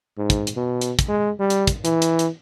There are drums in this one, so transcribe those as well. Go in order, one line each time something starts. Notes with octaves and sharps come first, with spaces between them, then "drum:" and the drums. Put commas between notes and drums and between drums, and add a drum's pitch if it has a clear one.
G#2
drum: kick, hi-hat
drum: hi-hat
B2
drum: hi-hat
drum: kick, hi-hat
G#3
G3
drum: hi-hat
drum: kick, hi-hat
E3, drum: hi-hat
drum: hi-hat
drum: hi-hat